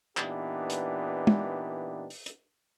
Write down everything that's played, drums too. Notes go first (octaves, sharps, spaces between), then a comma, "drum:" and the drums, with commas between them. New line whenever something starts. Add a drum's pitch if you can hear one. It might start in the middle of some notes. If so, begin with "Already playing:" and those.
A#2 E3 B3 D4 D#4 G4, drum: clap
drum: hi-hat
drum: tom
drum: open hi-hat
drum: hi-hat